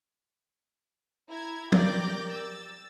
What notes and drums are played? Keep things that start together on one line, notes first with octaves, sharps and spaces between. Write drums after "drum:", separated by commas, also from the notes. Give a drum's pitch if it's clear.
E4 A#5 G#6
G4 A#4 D5 D6 G6 A#6, drum: tom F3
E6 A6